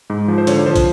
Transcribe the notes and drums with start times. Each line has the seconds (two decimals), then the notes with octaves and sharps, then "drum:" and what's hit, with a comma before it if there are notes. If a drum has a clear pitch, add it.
0.10 G#2
0.28 F3
0.38 C5
0.47 D3 C#5, drum: hi-hat
0.66 F3 C5
0.76 drum: kick, hi-hat